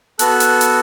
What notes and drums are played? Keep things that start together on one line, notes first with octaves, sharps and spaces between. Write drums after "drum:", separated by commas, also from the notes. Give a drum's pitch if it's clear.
B3 F#4 A4 F#6, drum: hi-hat
drum: hi-hat
drum: hi-hat